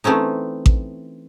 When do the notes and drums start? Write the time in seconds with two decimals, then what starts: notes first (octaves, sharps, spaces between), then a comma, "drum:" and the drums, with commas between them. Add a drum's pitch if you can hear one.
0.04 E3 A3 C4 C#4 D#4
0.66 drum: kick A1